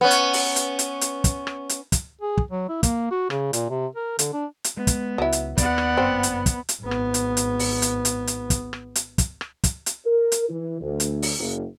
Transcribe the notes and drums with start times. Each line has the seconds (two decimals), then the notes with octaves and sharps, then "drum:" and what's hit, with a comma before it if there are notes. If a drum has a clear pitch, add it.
0.01 B3 C#4
0.11 drum: hi-hat
0.33 drum: open hi-hat
0.56 drum: hi-hat
0.79 drum: hi-hat
1.01 drum: hi-hat
1.24 drum: kick, hi-hat
1.47 drum: rim click
1.69 drum: hi-hat
1.92 drum: kick, hi-hat
2.22 G#4
2.37 drum: kick
2.51 F#3
2.69 E4
2.83 A#3, drum: kick, hi-hat
3.11 F#4
3.30 C#3, drum: rim click
3.53 A#2, drum: hi-hat
3.70 C3
3.96 A#4
4.19 D3, drum: hi-hat
4.33 D4
4.64 drum: hi-hat
4.77 G#3 B3
4.87 drum: kick, hi-hat
5.18 C#2 F#3 E4
5.32 drum: hi-hat
5.58 D#2 B3 D5 F#5, drum: kick, hi-hat
5.78 drum: rim click
5.97 G1 F#2 A#3 C4
6.23 drum: hi-hat
6.46 drum: kick, hi-hat
6.69 drum: hi-hat
6.81 G#1 B3
6.91 drum: rim click
7.14 drum: hi-hat
7.37 drum: hi-hat
7.59 drum: open hi-hat
7.82 drum: hi-hat
8.05 drum: hi-hat
8.27 drum: hi-hat
8.50 drum: kick, hi-hat
8.73 drum: rim click
8.95 drum: hi-hat
9.18 drum: kick, hi-hat
9.41 drum: rim click
9.64 drum: kick, hi-hat
9.86 drum: hi-hat
10.05 A#4
10.32 drum: hi-hat
10.49 E3
10.81 D2
11.00 drum: hi-hat
11.22 drum: open hi-hat
11.39 F#1